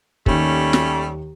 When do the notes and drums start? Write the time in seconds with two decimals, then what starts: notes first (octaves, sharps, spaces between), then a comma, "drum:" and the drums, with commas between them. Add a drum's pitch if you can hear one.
0.26 D#2 D#3 G3 A3 C#4, drum: kick
0.73 drum: snare